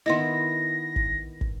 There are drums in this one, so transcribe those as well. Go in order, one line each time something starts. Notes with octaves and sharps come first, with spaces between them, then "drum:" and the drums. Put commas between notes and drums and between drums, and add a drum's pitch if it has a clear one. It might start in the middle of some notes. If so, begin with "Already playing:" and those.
D#3 B3 E4 D#5 C6 A#6
drum: kick
drum: kick